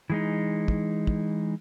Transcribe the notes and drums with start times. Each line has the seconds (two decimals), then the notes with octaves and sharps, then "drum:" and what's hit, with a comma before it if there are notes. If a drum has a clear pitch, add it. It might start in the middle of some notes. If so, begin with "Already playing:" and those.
0.10 E3 G#3 D#4
0.68 drum: kick
1.07 drum: kick